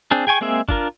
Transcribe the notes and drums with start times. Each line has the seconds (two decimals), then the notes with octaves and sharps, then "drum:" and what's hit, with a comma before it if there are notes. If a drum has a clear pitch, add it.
0.11 C4 D4 G#4
0.27 G#4 G5 G#5 C#6
0.41 G#3 A#3 C4 G#4 E5
0.69 D4 F4 A#4, drum: kick G1